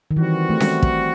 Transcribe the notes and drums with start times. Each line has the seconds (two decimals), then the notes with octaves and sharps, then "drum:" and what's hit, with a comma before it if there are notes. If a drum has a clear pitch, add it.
0.11 D#3
0.16 E3 G3 C4 F#4
0.49 A3
0.60 drum: snare C#4
0.82 drum: kick